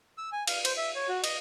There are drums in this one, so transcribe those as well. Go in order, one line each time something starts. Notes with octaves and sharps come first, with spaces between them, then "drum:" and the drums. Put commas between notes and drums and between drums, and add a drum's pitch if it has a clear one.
E6
G#5
F5, drum: cymbal
C5, drum: cymbal
E5
C#5
F#4
D#5, drum: cymbal